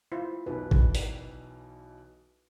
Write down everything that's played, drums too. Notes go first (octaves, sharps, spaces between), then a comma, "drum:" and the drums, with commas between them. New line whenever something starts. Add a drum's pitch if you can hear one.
E4 F4 C5
B1 B2 E3 B4
drum: kick
drum: open hi-hat